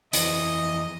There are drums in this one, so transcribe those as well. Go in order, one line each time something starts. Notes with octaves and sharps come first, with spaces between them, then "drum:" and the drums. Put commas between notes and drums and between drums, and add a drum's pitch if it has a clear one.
F2 E3 D#5, drum: hi-hat